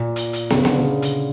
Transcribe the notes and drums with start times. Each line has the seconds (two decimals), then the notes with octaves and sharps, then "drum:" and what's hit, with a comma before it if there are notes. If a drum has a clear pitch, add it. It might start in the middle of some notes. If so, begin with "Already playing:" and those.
Already playing: A#2
0.16 drum: hi-hat
0.33 drum: hi-hat
0.50 C#3, drum: snare
0.65 D3, drum: snare
0.79 C#3
1.02 drum: hi-hat